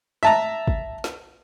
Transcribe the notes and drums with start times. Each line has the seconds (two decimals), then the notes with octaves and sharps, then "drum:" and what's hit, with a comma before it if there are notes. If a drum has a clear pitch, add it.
0.23 E5 A5 A#5
0.68 drum: kick
1.04 drum: snare